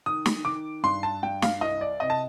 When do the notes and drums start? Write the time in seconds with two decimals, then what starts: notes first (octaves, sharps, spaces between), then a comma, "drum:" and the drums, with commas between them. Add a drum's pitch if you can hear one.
0.06 D#3 D#6
0.26 drum: snare
0.45 D#3 D6
0.83 G2 C6
1.03 A5
1.23 G2 G5
1.42 F5, drum: snare
1.61 C2 D#5
1.81 D5
2.00 C3 D#5
2.10 A5